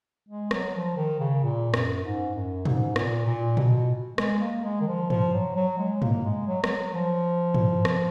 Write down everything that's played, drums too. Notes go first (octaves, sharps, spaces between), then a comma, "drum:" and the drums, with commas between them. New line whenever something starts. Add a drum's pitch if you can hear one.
G#3
F#3, drum: rim click
F3
D#3
C#3
A#2
F#2, drum: rim click
G#2
F#2
G#2, drum: tom
A#2, drum: rim click
A#2
B2, drum: tom
G#3, drum: rim click
A#3
G#3
D#3
F3
F3, drum: tom
F#3
F#3
G#3
A#3, drum: tom
G#3
F#3
G#3, drum: rim click
F#3
F3
drum: tom
drum: rim click